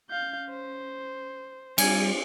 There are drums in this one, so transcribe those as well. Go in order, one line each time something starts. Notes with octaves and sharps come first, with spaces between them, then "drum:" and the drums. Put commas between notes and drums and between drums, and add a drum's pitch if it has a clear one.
C#4 F5 G6
C5
G3 C4 F4 G#5, drum: cymbal